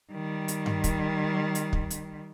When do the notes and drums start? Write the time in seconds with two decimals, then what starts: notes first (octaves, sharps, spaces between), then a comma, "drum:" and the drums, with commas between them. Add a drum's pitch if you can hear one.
0.13 D#3 G3
0.48 drum: hi-hat
0.66 drum: tom G2
0.84 drum: kick, hi-hat
1.55 drum: hi-hat
1.73 drum: kick
1.90 drum: hi-hat